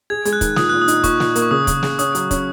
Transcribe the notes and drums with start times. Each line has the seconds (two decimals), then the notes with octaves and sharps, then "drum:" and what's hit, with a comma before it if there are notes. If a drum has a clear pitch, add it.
0.10 G#4 G#6
0.25 G#3, drum: hi-hat
0.33 F#6
0.41 D#3, drum: kick, hi-hat
0.56 A#2 D#6, drum: snare
0.69 A#2 F#6
0.82 D#6
0.88 D#4, drum: hi-hat
1.04 A#2 C#6, drum: kick, hi-hat
1.20 A#2, drum: snare
1.35 A#3, drum: hi-hat
1.42 C#6
1.51 C#3 D#6
1.67 C#3, drum: kick, hi-hat
1.83 C#3, drum: snare
1.99 C#4 D#6, drum: hi-hat
2.15 F#3, drum: hi-hat
2.31 C#4, drum: kick, hi-hat